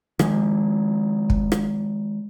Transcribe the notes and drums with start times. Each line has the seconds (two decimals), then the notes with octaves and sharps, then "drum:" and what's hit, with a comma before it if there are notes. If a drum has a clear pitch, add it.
0.19 D#3 F3 G#3, drum: rim click
1.30 drum: kick
1.52 drum: rim click